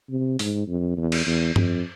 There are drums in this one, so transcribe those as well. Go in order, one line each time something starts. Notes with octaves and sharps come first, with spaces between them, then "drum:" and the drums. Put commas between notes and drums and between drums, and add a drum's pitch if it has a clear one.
C3
G#2, drum: open hi-hat
F2
E2
drum: cymbal
E2
F2, drum: tom G2